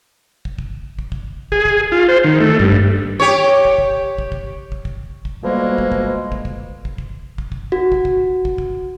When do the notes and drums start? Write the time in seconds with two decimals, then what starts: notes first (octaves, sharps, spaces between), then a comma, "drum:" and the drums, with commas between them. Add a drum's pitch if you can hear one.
0.45 drum: kick
0.59 drum: kick
0.99 drum: kick
1.12 drum: kick
1.52 G#4, drum: kick
1.65 drum: kick
1.92 F4
2.08 C5
2.24 D#3
2.41 A3
2.59 G2, drum: kick
2.72 drum: kick
3.20 G4 C#5
3.65 drum: kick
3.78 drum: kick
4.18 drum: kick
4.32 drum: kick
4.72 drum: kick
4.85 drum: kick
5.25 drum: kick
5.42 D2 B2 F3 G3 G#3 A#3
5.78 drum: kick
5.92 drum: kick
6.32 drum: kick
6.45 drum: kick
6.85 drum: kick
6.98 drum: kick
7.38 drum: kick
7.52 drum: kick
7.72 F#4
7.92 drum: kick
8.05 drum: kick
8.45 drum: kick
8.58 drum: kick